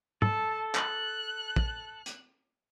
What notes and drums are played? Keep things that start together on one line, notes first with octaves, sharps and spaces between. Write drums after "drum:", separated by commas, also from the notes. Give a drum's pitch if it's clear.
A4 A5, drum: tom
F#6, drum: clap
drum: kick
drum: hi-hat